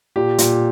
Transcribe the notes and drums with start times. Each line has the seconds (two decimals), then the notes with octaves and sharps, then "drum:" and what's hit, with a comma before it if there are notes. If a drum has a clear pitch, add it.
0.16 A#2 G4
0.38 A#2, drum: hi-hat